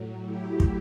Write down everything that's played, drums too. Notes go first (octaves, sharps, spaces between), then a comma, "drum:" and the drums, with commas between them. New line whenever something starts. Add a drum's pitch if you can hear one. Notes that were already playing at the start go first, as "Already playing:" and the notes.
Already playing: A2 F#3
E4 G4
drum: kick